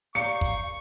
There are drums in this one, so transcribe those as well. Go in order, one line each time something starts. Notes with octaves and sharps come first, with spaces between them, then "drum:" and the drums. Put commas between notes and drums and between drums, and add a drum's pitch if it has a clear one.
G4 A#4 D5 F5 C#6 C#7
drum: kick